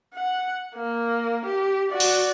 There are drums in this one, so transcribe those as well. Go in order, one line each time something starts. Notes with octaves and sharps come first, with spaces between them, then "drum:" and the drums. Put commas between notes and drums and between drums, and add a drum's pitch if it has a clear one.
F#5
A#3
G4
F#4 D5
drum: open hi-hat